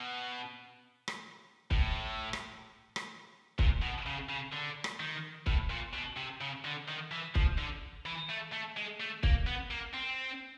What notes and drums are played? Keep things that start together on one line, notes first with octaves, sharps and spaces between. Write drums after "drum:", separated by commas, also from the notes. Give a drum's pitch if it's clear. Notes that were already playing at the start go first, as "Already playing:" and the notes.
Already playing: B2
drum: rim click
A2, drum: kick
drum: rim click
drum: rim click
A#2, drum: kick
B2
C#3
C#3
D3
drum: rim click
D#3
A2, drum: kick
A#2
B2
C3
C#3
D3
D#3
E3
F3, drum: kick
D3
E3
A3
A3
G#3
A3
A#3, drum: kick
B3
A#3
C4